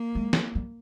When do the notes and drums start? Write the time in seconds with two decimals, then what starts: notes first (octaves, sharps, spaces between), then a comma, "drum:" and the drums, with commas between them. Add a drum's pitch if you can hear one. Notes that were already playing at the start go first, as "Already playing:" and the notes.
Already playing: A#3
0.15 G#3
0.33 drum: snare
0.55 G3